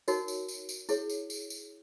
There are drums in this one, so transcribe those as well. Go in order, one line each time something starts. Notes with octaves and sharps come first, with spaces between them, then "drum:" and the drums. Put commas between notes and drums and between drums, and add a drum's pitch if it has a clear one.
D#4 F#4 A#4 C#5, drum: tambourine
drum: tambourine
drum: tambourine
drum: tambourine
E4 G#4 C#5, drum: tambourine
drum: tambourine
drum: tambourine
drum: tambourine